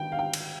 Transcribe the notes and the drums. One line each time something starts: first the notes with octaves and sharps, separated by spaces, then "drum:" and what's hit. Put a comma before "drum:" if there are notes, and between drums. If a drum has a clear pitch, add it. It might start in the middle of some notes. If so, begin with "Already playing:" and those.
Already playing: D#3 B3 G5
F5
G5
drum: cymbal